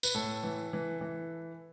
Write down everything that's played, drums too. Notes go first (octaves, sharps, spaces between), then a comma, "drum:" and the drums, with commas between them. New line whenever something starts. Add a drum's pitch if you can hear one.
B4, drum: tambourine
A2 A4
E3
E3
E3